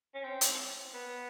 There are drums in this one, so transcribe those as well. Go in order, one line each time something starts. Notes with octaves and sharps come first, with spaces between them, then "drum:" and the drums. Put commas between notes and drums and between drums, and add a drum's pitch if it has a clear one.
C#4
C4
drum: hi-hat
B3